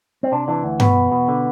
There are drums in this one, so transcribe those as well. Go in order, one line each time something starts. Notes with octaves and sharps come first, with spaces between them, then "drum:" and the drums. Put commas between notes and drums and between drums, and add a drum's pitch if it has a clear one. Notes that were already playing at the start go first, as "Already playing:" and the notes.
C4
C3 D4
E3 D4
D2
B2 B3, drum: tom G2
E2
B2
D3